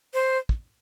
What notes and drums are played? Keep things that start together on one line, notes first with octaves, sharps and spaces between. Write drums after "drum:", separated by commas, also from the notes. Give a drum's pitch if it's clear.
C5
drum: kick